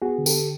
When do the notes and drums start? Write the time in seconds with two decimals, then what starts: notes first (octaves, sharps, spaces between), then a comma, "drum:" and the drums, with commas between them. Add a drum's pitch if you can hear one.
0.02 B3 F#4 G#4
0.18 D3
0.26 G4 A4, drum: tambourine